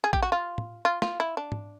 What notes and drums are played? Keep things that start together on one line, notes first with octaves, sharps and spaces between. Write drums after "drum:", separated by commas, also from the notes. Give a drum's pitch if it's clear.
G#4
G4, drum: kick A1
F#4
F4
drum: tom
F4
F4, drum: snare
E4
D4
drum: tom